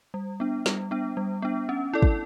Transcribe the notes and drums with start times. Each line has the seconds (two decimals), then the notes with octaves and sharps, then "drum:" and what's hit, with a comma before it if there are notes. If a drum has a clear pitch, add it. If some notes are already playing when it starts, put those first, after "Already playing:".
0.14 G3
0.40 B3 D4
0.66 G3, drum: snare
0.91 B3 D4
1.17 G3
1.42 B3 D4
1.69 C#4
1.93 E4 A4 D5
2.02 drum: kick